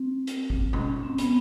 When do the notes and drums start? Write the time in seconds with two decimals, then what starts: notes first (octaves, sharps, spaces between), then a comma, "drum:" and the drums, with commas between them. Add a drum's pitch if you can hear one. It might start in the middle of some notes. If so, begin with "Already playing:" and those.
Already playing: C4
0.27 drum: hi-hat
0.50 drum: kick
0.73 C#4, drum: tom B2
0.88 C#4
1.03 C4
1.18 B3, drum: hi-hat